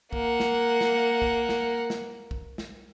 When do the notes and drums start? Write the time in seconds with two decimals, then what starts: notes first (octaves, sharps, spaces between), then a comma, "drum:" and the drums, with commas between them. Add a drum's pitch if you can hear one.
0.13 A#3 F#5, drum: kick
0.40 drum: snare
0.81 drum: snare
1.22 drum: kick
1.49 drum: snare
1.90 drum: snare
2.31 drum: kick
2.58 drum: snare